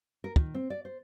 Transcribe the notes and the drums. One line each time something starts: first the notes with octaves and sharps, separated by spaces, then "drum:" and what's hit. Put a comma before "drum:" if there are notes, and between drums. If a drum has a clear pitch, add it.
A#4
D#3, drum: kick
C4
D5
C5